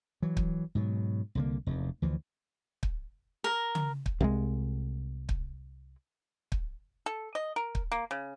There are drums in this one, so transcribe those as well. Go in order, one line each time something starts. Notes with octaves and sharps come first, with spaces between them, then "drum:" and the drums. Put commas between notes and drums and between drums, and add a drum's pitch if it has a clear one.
E3 F#3
drum: kick
G#2 B2 F#3
C2 D3 A#3
F1 E2
D2 E3 F3
drum: kick
A#4
drum: tom C#3
drum: kick
C2 C3 F#3 G#3
drum: kick
drum: kick
A4
D#5
A#4
drum: kick
A#3
C#3